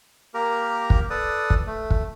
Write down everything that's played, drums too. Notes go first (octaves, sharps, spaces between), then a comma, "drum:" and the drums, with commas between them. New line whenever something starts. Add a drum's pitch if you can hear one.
A#3 G4 A#4 A#5
drum: kick
A4 B4 D5 D#6
drum: kick
A3
drum: kick